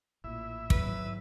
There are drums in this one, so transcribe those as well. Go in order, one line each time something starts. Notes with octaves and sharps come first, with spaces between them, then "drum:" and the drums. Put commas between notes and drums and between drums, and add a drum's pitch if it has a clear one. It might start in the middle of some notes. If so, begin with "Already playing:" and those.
A1 A#2 E4 E5
G#1 F#3 B4, drum: kick